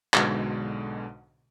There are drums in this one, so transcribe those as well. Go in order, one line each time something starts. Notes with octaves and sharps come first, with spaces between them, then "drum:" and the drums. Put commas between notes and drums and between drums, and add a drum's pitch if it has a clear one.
B1 G#2 B2 D3 G#3, drum: clap